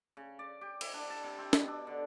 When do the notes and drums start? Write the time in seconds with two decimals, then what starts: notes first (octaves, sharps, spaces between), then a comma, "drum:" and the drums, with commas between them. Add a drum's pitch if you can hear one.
0.17 C#3
0.39 D5
0.61 G4
0.81 E4, drum: cymbal
0.94 D4
1.10 A5
1.24 C3
1.38 C4
1.53 B2, drum: snare
1.68 D4
1.87 D3